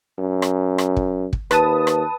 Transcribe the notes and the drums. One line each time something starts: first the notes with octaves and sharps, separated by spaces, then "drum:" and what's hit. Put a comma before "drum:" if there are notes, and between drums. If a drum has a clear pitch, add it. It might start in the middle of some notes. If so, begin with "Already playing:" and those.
F#2
drum: rim click
drum: rim click
drum: kick
drum: kick
D#2 B4 A5 D#6, drum: rim click
drum: rim click